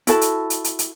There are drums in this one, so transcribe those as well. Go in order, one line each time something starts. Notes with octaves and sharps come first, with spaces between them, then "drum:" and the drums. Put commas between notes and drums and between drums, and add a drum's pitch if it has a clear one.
E4 F#4 A4 A5, drum: hi-hat
drum: hi-hat
drum: hi-hat
drum: hi-hat
drum: hi-hat